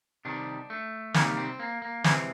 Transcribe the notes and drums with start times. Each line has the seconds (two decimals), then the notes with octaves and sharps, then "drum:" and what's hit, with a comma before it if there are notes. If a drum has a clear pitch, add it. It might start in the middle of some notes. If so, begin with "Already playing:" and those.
0.25 C3 D#3 G3 D4
0.70 A3
1.14 C3 D#3 G3 A#3, drum: snare
1.37 C4
1.59 A#3
1.82 A#3
2.04 C3 E3 G#3 C4, drum: snare